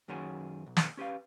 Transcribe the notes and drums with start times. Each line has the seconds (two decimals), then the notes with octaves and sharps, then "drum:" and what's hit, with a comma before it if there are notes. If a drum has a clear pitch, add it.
0.08 F#2 D#3 F#3 C#4 F#4 G#4
0.66 B1
0.77 drum: snare
0.97 C#4 G4 B4 F5